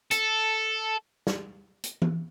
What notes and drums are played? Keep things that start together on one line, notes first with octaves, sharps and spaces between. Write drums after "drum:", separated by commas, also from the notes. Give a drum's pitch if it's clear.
A4, drum: hi-hat
drum: snare
drum: hi-hat
drum: tom E3